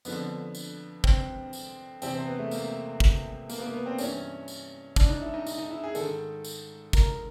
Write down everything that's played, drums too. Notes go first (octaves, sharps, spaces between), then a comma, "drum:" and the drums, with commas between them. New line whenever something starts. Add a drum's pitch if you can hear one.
F2 D3 F3 B3, drum: tambourine
drum: tambourine
C4, drum: kick
drum: tambourine
E2 C3 E3 C4, drum: tambourine
C4
B3
A3
A#3, drum: tambourine
drum: kick
A#3, drum: tambourine
B3
A#3
B3
C4
G2 E3 C#4, drum: tambourine
drum: tambourine
D4, drum: kick, tambourine
D#4
E4
D#4
D#4, drum: tambourine
D#4
E4
G#4
G#2 D#3 A4, drum: tambourine
drum: tambourine
A#4, drum: kick, tambourine